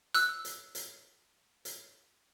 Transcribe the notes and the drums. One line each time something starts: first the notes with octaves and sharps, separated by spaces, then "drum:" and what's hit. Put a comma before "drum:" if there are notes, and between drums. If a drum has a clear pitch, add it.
E6 F#6, drum: hi-hat
drum: hi-hat
drum: hi-hat
drum: hi-hat